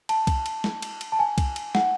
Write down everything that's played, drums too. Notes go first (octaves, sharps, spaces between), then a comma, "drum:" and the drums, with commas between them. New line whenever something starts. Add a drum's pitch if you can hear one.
A5, drum: cymbal
drum: kick C2, cymbal
drum: cymbal
drum: snare
drum: cymbal
drum: cymbal
A5
G#5
drum: kick C2, cymbal
drum: cymbal
F#5, drum: snare